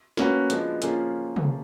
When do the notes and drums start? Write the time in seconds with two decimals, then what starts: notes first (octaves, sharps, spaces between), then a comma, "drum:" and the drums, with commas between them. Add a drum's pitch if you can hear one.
0.17 A#3 C#4 F#4 B4, drum: snare
0.50 F3 G#3 B3 D4, drum: hi-hat
0.82 F3 A#3 C#4 F4 G#4, drum: hi-hat
1.36 drum: tom